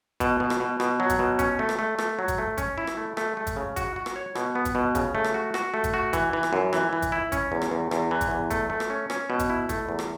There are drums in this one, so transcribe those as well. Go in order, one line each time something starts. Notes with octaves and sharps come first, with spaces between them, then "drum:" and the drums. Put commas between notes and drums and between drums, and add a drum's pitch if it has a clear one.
B2, drum: kick, hi-hat
B2
drum: rim click
B2
B2, drum: rim click
F#3
drum: kick, hi-hat
B2
C#4, drum: kick, hi-hat
A3
drum: rim click
A3
A3, drum: rim click
F#3
drum: kick, hi-hat
A3
C#4, drum: kick, hi-hat
E4
drum: rim click
A3
A3, drum: rim click
A3
drum: kick, hi-hat
C#3
F#4, drum: kick, hi-hat
F#4
drum: rim click
C#5
B2, drum: rim click
B3
drum: kick, hi-hat
B2
C#3, drum: kick, hi-hat
A3
drum: rim click
F#4
F#4, drum: rim click
A3
drum: kick, hi-hat
F#4
E3, drum: kick, hi-hat
E3
drum: rim click
F#2
E3, drum: rim click
E3
drum: kick, hi-hat
E4
C#4, drum: kick, hi-hat
E2
drum: rim click
E2
E2, drum: rim click
E3
drum: kick, hi-hat
E2
A3, drum: kick, hi-hat
A3
drum: rim click
C#4
C#4, drum: rim click
B2
drum: kick, hi-hat
E4
A3, drum: kick, hi-hat
E2
drum: rim click